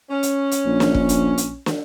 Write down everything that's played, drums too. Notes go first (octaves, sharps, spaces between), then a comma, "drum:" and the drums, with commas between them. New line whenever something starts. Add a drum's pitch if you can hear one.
C#4
drum: hi-hat
drum: hi-hat
A#1
drum: snare
drum: kick
drum: hi-hat
drum: hi-hat
drum: snare